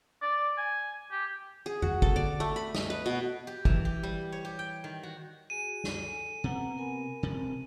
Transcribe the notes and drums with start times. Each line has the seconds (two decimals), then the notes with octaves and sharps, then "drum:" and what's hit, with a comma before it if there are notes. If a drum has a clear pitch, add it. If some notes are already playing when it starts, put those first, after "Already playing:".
0.22 D5
0.57 G#5
1.11 G4
1.66 G#4
1.82 F#4, drum: tom E2
2.02 A4, drum: kick
2.16 D5, drum: tom D3
2.40 A3
2.56 B5
2.75 D#5, drum: snare
2.90 B4
3.06 B2
3.47 G4
3.65 E3, drum: kick
3.85 G4
4.03 G3
4.32 C#5
4.45 G4
4.59 G5
4.84 D#3
5.03 F#4
5.50 F#4 G#4 G#5 D#7
5.84 drum: snare
6.02 A4 G#5
6.44 C3 B3 F#5 A#5
6.77 A#4 G#5 B5
7.23 E1 C3